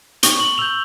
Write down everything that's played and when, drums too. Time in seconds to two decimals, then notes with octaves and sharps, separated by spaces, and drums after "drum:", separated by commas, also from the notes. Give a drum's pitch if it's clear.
0.23 C#6 G7, drum: hi-hat
0.40 F#7
0.58 E6 G6 F7